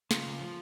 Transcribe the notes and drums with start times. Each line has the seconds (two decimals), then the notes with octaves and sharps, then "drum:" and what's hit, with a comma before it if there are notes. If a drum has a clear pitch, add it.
0.11 C#3 F4, drum: snare
0.26 C#3
0.41 F3